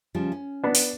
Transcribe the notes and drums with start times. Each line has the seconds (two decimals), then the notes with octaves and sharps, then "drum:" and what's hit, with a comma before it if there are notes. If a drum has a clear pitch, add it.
0.15 C#3 F3 G3
0.32 C#4
0.64 B3 D4
0.75 drum: open hi-hat